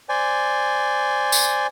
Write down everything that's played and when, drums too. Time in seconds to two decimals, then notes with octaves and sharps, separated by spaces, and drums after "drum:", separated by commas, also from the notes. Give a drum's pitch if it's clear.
0.09 C5 D5 G#5
1.32 drum: tambourine